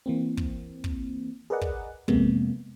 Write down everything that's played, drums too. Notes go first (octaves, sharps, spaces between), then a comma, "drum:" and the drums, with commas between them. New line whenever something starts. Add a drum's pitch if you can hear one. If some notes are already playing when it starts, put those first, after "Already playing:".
E3 A#3 C4
drum: kick
drum: kick
G#4 A#4 B4 D5 D#5 F#5
drum: kick
F2 C3 G#3 A#3 B3, drum: kick